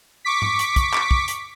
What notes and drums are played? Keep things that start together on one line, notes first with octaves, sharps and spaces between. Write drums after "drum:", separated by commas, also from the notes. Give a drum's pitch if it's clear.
C#6 D6 B6
drum: tom G#2
drum: hi-hat
drum: kick, hi-hat
drum: clap
drum: kick
drum: hi-hat